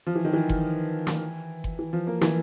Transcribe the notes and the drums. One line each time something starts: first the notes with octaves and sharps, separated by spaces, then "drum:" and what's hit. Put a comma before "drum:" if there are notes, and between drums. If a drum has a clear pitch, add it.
F3
E3
D#3
E3
drum: kick F#1
drum: snare
drum: kick F#1
E3
F3
A#3
E3, drum: snare